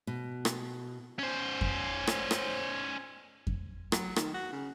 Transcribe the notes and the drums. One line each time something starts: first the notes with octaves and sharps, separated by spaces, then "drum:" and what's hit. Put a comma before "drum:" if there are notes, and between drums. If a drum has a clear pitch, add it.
B2
drum: rim click
C#4 C5
drum: kick F2
drum: rim click
drum: rim click
drum: kick F2
F#3, drum: rim click
D#3, drum: rim click
F#4
C#3